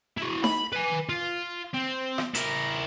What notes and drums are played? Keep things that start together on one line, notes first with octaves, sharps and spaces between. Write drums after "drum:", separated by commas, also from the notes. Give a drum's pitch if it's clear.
E4 F#4
B5, drum: snare D#4
B4 G#5
F4
C4
drum: rim click
E4 A#4, drum: hi-hat